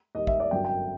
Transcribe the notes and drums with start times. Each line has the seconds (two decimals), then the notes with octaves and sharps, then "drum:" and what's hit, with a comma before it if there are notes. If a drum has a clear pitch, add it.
0.15 D#2 D#3 G3 D#5
0.27 E5, drum: kick
0.40 D5
0.51 G1 F#2 D3 F#3 G5
0.65 G5